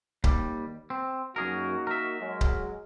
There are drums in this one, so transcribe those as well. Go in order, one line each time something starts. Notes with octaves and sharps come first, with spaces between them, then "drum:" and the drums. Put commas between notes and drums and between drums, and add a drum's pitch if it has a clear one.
D#2 G3, drum: kick C#1
C4
F#2 A#3 D#4 F#4 G#4 A#4
A#4 E5
F#3 G#3
drum: kick C#1